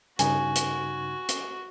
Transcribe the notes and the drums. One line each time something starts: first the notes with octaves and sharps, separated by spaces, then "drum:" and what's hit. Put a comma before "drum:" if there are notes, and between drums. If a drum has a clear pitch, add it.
G2 C#3 D#4 F#4 G#5, drum: hi-hat
drum: hi-hat
drum: hi-hat